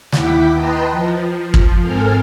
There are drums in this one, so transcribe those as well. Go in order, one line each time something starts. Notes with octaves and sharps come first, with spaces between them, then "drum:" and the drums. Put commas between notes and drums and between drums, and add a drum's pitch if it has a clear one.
D#2 E4 F#5 G5 D6 B6, drum: snare
B4 D#5 G5 A5 A#5 C6
F3
drum: kick
G#2 C4 A4 A#4 G#5 F6